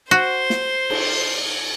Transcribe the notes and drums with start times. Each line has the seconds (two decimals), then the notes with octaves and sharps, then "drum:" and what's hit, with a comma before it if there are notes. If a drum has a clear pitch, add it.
0.11 F#4 C5 C6
0.50 drum: snare
0.90 drum: cymbal